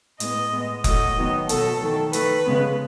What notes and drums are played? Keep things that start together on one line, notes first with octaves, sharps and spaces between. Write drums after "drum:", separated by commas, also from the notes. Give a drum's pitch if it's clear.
A2 G#3 B3 D#5, drum: hi-hat
A2 G#3 B3
A2 F#3 A3 D#5, drum: kick F1, hi-hat
D#3 F#3 B3
B2 F#3 A3 A4, drum: hi-hat
D#3 A3
D#3 A3 B4, drum: hi-hat
C#3 G#3 B3